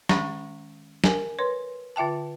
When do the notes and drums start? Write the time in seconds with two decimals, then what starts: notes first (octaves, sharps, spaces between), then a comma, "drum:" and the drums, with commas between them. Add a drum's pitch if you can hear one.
0.09 D#3 G#3 C#4 F#5 B5, drum: snare
1.04 A#4 G#5, drum: snare
1.39 B4 C#5 C6
1.96 D3 F4 E5 G5 A5